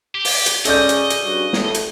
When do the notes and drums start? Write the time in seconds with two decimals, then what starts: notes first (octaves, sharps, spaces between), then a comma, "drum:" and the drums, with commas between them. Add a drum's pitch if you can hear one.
0.15 G4
0.25 drum: open hi-hat
0.46 drum: hi-hat
0.65 C#3 G#3 C#4 A4 D5 D#5 G6, drum: hi-hat
0.89 drum: hi-hat
1.10 drum: hi-hat
1.24 G2 C#3 F#4
1.53 A2, drum: snare
1.74 drum: hi-hat